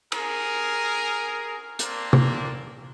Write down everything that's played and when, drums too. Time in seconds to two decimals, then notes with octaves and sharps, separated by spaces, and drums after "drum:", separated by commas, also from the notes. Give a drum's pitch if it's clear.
0.12 G#4 A#4, drum: cymbal
1.79 A#3 C4 D4, drum: hi-hat
2.13 drum: tom